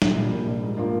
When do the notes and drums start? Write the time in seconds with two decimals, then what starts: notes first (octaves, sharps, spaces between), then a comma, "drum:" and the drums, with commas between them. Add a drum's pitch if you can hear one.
0.02 A#1, drum: snare
0.17 A#2 G3
0.32 A#1
0.47 A#2 G3
0.62 G#2
0.77 F3 A#3 D4 F4